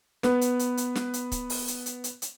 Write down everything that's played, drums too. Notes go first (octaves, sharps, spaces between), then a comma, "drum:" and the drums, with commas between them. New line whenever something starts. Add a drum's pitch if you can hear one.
B3 B4, drum: snare
drum: hi-hat
drum: hi-hat
drum: hi-hat
drum: snare
drum: hi-hat
drum: kick C#1, hi-hat
drum: open hi-hat
drum: hi-hat
drum: hi-hat
drum: hi-hat
drum: hi-hat